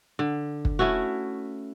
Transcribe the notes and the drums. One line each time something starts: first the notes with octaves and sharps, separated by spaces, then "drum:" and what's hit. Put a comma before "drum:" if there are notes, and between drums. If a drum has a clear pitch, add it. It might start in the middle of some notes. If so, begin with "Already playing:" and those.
D3
drum: kick
A3 C#4 E4 F#4